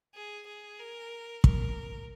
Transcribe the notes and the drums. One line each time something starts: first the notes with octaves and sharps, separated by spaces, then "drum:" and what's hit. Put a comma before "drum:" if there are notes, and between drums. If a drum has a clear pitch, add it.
G#4
G#4
A#4
A#4, drum: kick